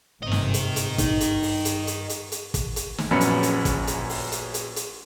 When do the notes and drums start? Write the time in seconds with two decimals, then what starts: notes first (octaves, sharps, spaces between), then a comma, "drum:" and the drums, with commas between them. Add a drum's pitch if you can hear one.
0.22 G1 G#2 C3 A#4 D#5
0.32 drum: snare
0.54 drum: hi-hat
0.76 drum: hi-hat
0.98 G2 D#4, drum: kick, hi-hat
1.20 drum: hi-hat
1.43 drum: open hi-hat
1.65 drum: hi-hat
1.87 drum: hi-hat
2.09 drum: hi-hat
2.32 drum: hi-hat
2.54 drum: kick, hi-hat
2.76 drum: hi-hat
2.98 drum: snare
3.11 A#1 F#2 B3 C#4 B5 C#7
3.21 drum: hi-hat
3.43 drum: hi-hat
3.65 drum: kick, hi-hat
3.87 drum: hi-hat
4.10 drum: open hi-hat
4.32 drum: hi-hat
4.54 drum: hi-hat
4.76 drum: hi-hat